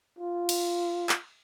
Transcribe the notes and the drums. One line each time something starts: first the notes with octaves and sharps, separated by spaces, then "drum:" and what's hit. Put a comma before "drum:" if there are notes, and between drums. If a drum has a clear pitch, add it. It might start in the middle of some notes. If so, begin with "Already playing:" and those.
F4
drum: cymbal
drum: clap